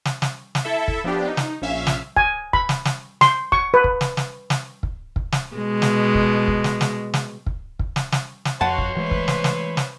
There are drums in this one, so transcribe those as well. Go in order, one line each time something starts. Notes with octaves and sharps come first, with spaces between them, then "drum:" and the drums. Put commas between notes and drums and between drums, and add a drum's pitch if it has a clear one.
drum: snare
drum: snare
drum: snare
E4 A4 E5
drum: kick
F3 B3 D4 G4
D#4
drum: snare
A#1 C#4 E5 F5
drum: snare
G#5, drum: kick
B5, drum: kick
drum: snare
drum: snare
C6, drum: snare
C#6, drum: kick
B4
drum: kick
drum: snare
drum: snare
drum: snare
drum: kick
drum: kick
drum: snare
B2 G#3
drum: snare
drum: kick
drum: kick
drum: snare
drum: snare
drum: snare
drum: kick
drum: kick
drum: snare
drum: snare
drum: snare
F2 F#4 C#5 F5 F#5 A5 C6
drum: kick
E3 G#3 A3 B4 C5 E5
drum: kick
drum: snare
drum: snare
drum: snare